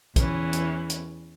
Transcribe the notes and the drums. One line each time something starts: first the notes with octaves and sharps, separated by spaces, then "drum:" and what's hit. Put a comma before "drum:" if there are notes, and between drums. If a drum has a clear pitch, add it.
E2 E3 C#4, drum: kick, hi-hat
drum: hi-hat
drum: hi-hat